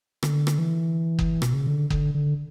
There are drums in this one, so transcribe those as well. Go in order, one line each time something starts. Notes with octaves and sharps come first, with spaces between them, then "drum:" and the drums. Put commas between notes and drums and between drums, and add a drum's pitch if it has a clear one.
D3, drum: rim click
drum: rim click
E3
drum: kick F#1
B2, drum: rim click
C#3
D3
D3, drum: kick F#1
D3